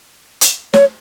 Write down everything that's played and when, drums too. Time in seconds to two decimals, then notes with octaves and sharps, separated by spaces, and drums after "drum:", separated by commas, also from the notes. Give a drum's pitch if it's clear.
0.41 drum: hi-hat
0.74 C#5, drum: snare